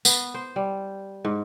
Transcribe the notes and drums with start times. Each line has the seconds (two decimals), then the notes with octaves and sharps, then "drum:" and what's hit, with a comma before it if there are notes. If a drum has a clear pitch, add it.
0.05 B3, drum: tambourine
0.34 C5
0.56 G3
1.25 G#2